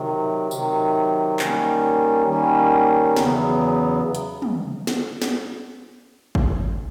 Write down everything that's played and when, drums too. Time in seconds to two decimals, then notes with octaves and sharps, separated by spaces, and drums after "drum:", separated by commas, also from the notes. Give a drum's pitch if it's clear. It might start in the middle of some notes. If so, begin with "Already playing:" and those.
Already playing: C3 D#3 F#3
0.51 C3 D#3 F#3, drum: tambourine
1.39 D#3 G3 A#3 C#4, drum: clap
2.27 D#3 G3 A#3 C#4
3.16 E2 C#3 F#3 B3, drum: snare
4.15 drum: hi-hat
4.42 drum: tom
4.87 drum: snare
5.22 drum: snare
6.35 drum: kick